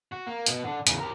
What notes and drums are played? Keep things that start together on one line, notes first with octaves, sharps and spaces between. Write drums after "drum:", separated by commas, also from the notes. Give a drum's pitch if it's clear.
F#4
A#3
B2, drum: hi-hat
D3
E2 C#3, drum: hi-hat
G4 A#4